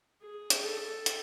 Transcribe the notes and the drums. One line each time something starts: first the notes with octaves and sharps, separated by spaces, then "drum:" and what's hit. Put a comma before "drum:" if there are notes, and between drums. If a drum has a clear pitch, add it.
G#4
drum: hi-hat
A4
drum: hi-hat